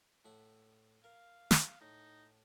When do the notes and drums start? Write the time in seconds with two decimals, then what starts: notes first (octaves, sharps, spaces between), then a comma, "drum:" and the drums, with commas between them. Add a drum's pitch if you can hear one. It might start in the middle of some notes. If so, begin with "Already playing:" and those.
0.25 A2 A3 F#5
1.04 A#4 F5
1.51 drum: snare
1.81 A2 D#4